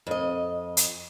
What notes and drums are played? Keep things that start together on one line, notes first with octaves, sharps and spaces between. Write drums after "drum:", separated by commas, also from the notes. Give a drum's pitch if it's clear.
F2 D#5
drum: hi-hat